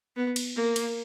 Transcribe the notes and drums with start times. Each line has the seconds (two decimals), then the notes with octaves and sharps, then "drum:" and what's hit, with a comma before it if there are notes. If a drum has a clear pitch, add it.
0.16 B3
0.36 drum: cymbal
0.56 A#3
0.76 drum: cymbal